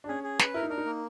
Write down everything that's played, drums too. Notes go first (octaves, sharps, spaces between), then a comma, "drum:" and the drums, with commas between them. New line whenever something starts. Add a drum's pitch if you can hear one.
D4
C#4 G#4
G#4
B4, drum: snare
E4 A#4
D#4
D4 A#4
D#4
A#3